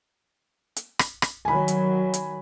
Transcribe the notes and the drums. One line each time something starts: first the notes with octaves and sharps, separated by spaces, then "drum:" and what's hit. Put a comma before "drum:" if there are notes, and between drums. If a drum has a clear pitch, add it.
drum: hi-hat
drum: rim click
drum: rim click
D#3 F#3 G#5 B5
drum: hi-hat
drum: hi-hat